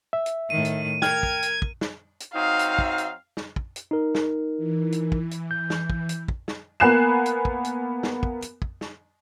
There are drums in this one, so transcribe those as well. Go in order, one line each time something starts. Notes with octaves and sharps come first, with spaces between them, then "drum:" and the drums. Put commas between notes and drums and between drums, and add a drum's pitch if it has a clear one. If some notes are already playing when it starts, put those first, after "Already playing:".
E5
drum: hi-hat
A2 D#3 D#7
drum: hi-hat
A#4 G5 F6 G#6, drum: snare
drum: kick
drum: hi-hat
drum: kick
drum: snare
drum: hi-hat
F#3 C4 D#4 F5
drum: hi-hat
drum: kick
drum: hi-hat
drum: snare
drum: kick
drum: hi-hat
D#4 A#4
drum: snare
E3
drum: hi-hat
drum: kick
drum: hi-hat
G6
drum: snare
drum: kick
drum: hi-hat
drum: kick
drum: snare
A#3 B3 G#5 F#6 C7 E7
drum: hi-hat
drum: kick
drum: hi-hat
drum: snare
drum: kick
drum: hi-hat
drum: kick
drum: snare